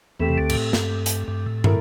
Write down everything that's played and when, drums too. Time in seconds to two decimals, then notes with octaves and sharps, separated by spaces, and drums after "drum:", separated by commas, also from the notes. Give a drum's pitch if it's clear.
0.20 E2 E3 A3 C4 G4
0.29 C3
0.38 D2 D3
0.50 G2, drum: cymbal
0.55 A2
0.73 G2, drum: snare
1.06 drum: hi-hat
1.28 G2
1.46 A2
1.64 A3 E4 A#4, drum: tom